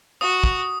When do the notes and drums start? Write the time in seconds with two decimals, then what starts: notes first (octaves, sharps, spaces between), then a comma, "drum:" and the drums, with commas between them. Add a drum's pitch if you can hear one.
0.21 F#4 D#6
0.44 drum: kick